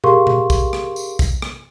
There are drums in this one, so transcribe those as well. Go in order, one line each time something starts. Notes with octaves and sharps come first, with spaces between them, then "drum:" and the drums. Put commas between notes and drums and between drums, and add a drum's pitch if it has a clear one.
G4 G#4 A#4 F5 C6 C#6, drum: tom A#2
drum: tom A#2
drum: kick B1, tambourine
drum: rim click
drum: tambourine
drum: kick B1, tambourine
drum: rim click